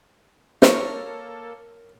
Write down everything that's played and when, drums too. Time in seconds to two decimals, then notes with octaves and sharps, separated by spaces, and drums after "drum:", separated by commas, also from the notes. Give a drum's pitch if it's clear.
0.62 A#3 A4 A#4 C#5, drum: snare